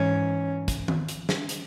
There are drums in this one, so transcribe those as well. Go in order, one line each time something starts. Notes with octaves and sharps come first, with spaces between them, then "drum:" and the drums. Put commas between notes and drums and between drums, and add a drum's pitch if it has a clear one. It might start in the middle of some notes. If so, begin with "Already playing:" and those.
Already playing: G#2 E3 C#4
drum: kick, hi-hat
drum: tom D#3
drum: hi-hat
drum: snare
drum: hi-hat